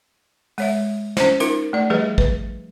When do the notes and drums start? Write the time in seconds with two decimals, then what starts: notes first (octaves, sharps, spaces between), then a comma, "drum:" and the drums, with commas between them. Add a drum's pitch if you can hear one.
0.58 G#3 C#5 E5, drum: open hi-hat
1.17 C#4 C5, drum: snare
1.40 D#4 F4 A#4, drum: hi-hat
1.73 A3 D5
1.90 F3 G3 G4 G#4 B4 D#5
2.18 B4, drum: kick A1